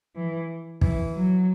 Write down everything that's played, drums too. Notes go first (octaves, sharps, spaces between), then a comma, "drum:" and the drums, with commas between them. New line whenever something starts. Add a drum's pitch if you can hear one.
E3
E3, drum: kick
F#3